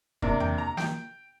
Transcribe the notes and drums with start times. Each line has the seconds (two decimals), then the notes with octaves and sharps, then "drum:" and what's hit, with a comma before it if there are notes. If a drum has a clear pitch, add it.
0.22 C3 A#3 D4, drum: kick
0.40 G5, drum: tom E2
0.58 A#5
0.77 G5, drum: snare